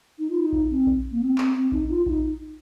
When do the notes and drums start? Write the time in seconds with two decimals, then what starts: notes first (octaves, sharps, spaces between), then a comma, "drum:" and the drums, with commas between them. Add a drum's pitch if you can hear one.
0.18 D#4
0.30 F4
0.41 D#4
0.53 drum: kick A#1
0.70 C4
0.87 drum: kick A#1
1.11 A#3
1.21 C4
1.38 C4, drum: clap
1.55 C4
1.72 D#4, drum: kick A#1
1.89 F4
2.06 D#4, drum: kick A#1